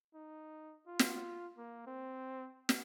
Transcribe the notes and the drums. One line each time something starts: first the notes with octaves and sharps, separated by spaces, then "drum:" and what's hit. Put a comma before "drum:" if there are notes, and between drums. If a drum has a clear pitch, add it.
D#4
F4
drum: snare
A#3
C4
drum: snare